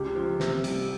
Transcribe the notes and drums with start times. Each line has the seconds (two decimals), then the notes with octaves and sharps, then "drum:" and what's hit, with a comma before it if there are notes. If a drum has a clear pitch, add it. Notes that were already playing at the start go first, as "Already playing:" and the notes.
Already playing: C#2 G4
0.16 F3
0.40 C3, drum: snare
0.64 G3, drum: cymbal